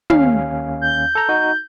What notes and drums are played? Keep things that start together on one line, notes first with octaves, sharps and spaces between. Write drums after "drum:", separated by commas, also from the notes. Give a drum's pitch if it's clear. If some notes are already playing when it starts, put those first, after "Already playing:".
D#2 C#4 F5, drum: tom
G6
A4 A#5
D#4 F#4